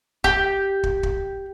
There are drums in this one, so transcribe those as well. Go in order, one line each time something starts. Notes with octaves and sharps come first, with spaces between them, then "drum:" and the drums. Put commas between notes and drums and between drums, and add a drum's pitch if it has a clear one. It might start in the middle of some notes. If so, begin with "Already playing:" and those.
G4, drum: kick
drum: kick
drum: kick